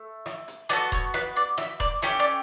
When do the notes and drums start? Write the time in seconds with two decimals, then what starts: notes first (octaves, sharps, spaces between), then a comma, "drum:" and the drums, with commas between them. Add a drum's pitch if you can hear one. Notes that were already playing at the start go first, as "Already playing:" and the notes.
Already playing: A3
0.26 drum: rim click
0.48 drum: hi-hat
0.69 B3 F#4 A4 D5, drum: rim click
0.92 C#5, drum: kick D#1, hi-hat
1.14 B4, drum: rim click
1.36 D5, drum: hi-hat
1.58 E5, drum: rim click
1.80 D5, drum: kick D#1, hi-hat
2.02 A3 C#4 G4, drum: rim click
2.20 D5